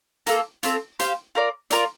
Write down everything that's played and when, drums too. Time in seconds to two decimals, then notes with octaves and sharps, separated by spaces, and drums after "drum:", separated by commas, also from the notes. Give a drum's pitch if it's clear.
0.26 A#3 F4 A4, drum: hi-hat
0.63 A3 C4 F4, drum: hi-hat
0.99 G4 C5 F5, drum: hi-hat
1.35 F4 A#4 D5
1.70 F4 A#4 D5, drum: hi-hat